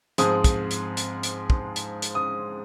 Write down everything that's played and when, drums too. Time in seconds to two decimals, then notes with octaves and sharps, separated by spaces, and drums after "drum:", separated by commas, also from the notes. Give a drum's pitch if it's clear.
0.18 G#2 F3 G#3 C4 D#6, drum: hi-hat
0.44 drum: kick, hi-hat
0.71 drum: hi-hat
0.97 drum: hi-hat
1.23 drum: hi-hat
1.50 drum: kick
1.76 drum: hi-hat
2.02 drum: hi-hat
2.15 D#6